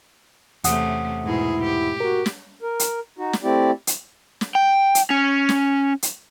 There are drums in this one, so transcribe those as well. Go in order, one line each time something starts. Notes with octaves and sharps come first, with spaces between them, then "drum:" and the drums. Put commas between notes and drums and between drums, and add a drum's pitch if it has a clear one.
E2 C3 A3 C#4 F#5 D#6, drum: hi-hat
G#2 B2 E4 G#4
G4
F#4 A#4
drum: snare
A#4
drum: hi-hat
D#4 F#4
drum: snare
A3 C4 E4 G4 D5
drum: hi-hat
drum: snare
G5
drum: hi-hat
C#4
drum: snare
drum: hi-hat